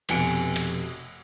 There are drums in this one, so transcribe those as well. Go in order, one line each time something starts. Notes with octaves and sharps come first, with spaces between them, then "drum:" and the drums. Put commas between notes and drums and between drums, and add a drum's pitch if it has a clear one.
F1 B2 G#5 C#7 D7, drum: cymbal
drum: hi-hat